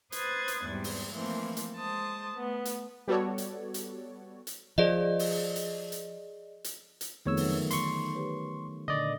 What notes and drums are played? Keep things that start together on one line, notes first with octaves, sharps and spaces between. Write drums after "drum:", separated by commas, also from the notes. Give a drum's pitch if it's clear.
B4 C5 D#6 F#6 G#6 A6, drum: hi-hat
drum: hi-hat
E2 G#2 G3 C4
drum: open hi-hat
E3 F3 A3 A#3 C4
drum: hi-hat
G#3 C5 A5 D#6
A3 B3
drum: hi-hat
G3 B3 F#4 A4 C#5 D5
drum: hi-hat
drum: hi-hat
drum: hi-hat
F3 G#4 D5 D#5
drum: open hi-hat
drum: hi-hat
drum: hi-hat
drum: hi-hat
drum: hi-hat
F2 D#3 A3 B3 F4 G#4 C#5 E6
D3 E3 F#3, drum: open hi-hat
C6 C#6, drum: hi-hat
G4 B4 C#5
A#2 D3 D5 D#5 C#6 D#6